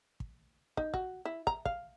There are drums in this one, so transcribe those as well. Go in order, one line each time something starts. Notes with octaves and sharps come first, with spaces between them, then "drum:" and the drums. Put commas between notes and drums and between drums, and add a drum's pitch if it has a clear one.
drum: kick
D#4, drum: kick
F#4, drum: kick
E4
A#5, drum: kick
F5, drum: kick